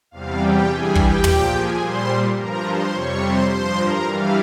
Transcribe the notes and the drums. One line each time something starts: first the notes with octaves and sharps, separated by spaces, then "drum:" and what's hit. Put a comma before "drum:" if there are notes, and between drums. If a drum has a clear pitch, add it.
E2 C3 G3 F5
G4 G5
G2 E3 G3 G#4 G#5
G4 G5, drum: kick
A#2 F3, drum: tom
G#4 G#5
A#2 G3 C5 C6
G2 F3 A#4 A#5
C5 C6
F2 C3 G3 C#5 C#6
C5 C6
G2 F3 C5 C6
A#4 A#5
G2 E3 G3 F5